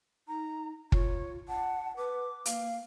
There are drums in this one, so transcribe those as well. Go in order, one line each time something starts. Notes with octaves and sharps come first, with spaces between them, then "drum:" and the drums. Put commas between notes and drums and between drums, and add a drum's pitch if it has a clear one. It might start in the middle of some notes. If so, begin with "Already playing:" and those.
D#4 A#5
F4 C#5, drum: kick
F#5 A5
B4 D6
A#3 F5, drum: hi-hat